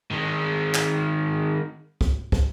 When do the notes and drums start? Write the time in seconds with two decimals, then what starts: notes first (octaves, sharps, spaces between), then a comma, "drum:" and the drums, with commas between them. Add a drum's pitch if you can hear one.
0.11 D#3 G#3
0.74 drum: clap
2.01 drum: kick
2.32 drum: kick